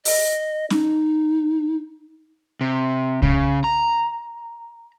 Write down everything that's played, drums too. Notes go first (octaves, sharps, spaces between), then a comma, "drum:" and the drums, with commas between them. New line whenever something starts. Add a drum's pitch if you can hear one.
D#5, drum: open hi-hat
D#4, drum: snare
C3
C#3, drum: kick C2
A#5